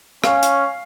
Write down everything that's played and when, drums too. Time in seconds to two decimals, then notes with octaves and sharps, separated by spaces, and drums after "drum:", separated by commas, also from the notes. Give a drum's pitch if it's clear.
0.24 C#4 F5, drum: rim click
0.43 drum: hi-hat